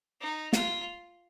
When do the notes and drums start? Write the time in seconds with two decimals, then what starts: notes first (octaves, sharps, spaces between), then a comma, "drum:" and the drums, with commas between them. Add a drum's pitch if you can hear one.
0.20 D#4
0.53 F4, drum: snare